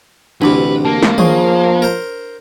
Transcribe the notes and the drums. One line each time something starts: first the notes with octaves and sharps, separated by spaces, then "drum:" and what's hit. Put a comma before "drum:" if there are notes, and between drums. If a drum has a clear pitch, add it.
A1 D2 C3 D4 E4 B4 D6
A#3 A5
drum: snare
F3 G#4 C#5 C#6, drum: tom D#3
A#4 C5